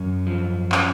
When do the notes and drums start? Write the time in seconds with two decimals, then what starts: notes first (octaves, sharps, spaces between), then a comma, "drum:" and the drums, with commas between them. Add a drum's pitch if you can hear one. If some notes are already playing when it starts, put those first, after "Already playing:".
Already playing: F#2 C#4
0.27 F3
0.72 C#4, drum: clap